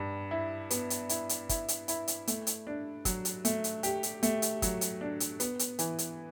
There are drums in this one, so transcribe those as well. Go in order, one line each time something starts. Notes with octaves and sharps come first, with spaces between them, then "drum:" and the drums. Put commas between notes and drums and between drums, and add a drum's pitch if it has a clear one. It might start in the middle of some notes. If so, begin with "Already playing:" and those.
Already playing: G2
E4
B3, drum: hi-hat
drum: hi-hat
E4, drum: hi-hat
drum: hi-hat
E4, drum: kick, hi-hat
drum: hi-hat
E4, drum: hi-hat
drum: hi-hat
A3, drum: hi-hat
drum: hi-hat
D4
F#3, drum: kick, hi-hat
drum: hi-hat
A3, drum: hi-hat
drum: hi-hat
G4, drum: hi-hat
drum: hi-hat
A3, drum: hi-hat
drum: hi-hat
F#3, drum: kick, hi-hat
drum: hi-hat
D4
drum: hi-hat
B3, drum: hi-hat
drum: hi-hat
E3, drum: hi-hat
drum: hi-hat